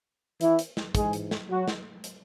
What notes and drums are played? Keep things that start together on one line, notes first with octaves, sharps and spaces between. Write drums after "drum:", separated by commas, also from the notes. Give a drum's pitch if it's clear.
E3 E4, drum: hi-hat
drum: hi-hat
drum: snare
G#2 E3 G#3 G#4, drum: kick, hi-hat
drum: hi-hat
drum: snare
F#3 F#4
drum: snare
drum: hi-hat